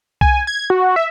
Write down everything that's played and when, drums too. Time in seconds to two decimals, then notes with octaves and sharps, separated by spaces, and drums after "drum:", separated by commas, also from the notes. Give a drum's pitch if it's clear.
0.21 G#5, drum: kick C2
0.47 G#6
0.70 F#4
0.96 E5